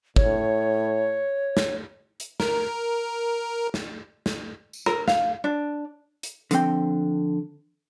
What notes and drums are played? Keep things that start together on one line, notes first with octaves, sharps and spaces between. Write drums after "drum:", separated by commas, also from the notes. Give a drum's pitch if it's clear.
A2 C#5, drum: kick
drum: snare
drum: hi-hat
A#4, drum: snare
drum: snare
drum: snare
drum: tambourine
A#4, drum: rim click
F5, drum: snare
D4
drum: hi-hat
D3 F3 C4 G5, drum: hi-hat